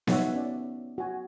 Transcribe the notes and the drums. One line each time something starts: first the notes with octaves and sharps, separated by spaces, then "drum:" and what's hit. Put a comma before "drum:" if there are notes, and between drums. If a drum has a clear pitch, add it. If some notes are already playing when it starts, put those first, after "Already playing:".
B3 D#4 F#4 C#5 E5 F#5, drum: snare B3
C#4 D5
F#4 G#5